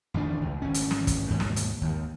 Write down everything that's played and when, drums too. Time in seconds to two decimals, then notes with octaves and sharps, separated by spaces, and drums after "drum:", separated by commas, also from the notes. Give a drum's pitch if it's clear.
0.14 A1 E2 D#3 D4
0.42 C#2
0.62 G#1 C#4
0.74 drum: hi-hat
0.91 drum: snare
1.07 drum: kick, hi-hat
1.30 D#2 G#2 B2
1.40 drum: snare
1.56 drum: hi-hat
1.81 D#2 D#3